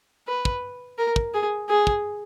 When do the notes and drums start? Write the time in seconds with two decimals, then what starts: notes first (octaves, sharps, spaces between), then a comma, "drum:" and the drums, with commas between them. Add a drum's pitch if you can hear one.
0.28 B4
0.45 drum: kick
0.98 A#4
1.16 drum: kick
1.34 G#4
1.69 G#4
1.87 drum: kick